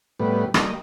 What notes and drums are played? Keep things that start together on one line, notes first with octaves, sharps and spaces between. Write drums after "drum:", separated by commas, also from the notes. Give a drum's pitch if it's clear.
A2 G3 B3
G3 A#3 D#5, drum: rim click